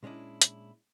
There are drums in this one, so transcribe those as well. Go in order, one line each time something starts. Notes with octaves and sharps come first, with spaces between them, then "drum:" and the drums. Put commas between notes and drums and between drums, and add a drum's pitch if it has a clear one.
A#2 G#3 C#4 D4 E4
drum: hi-hat